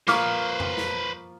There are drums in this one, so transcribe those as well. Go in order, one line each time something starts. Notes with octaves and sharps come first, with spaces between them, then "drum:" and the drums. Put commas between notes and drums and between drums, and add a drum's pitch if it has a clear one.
F3 A#3 B4 C5 C#6 D6 F6, drum: snare
drum: tom F2
drum: snare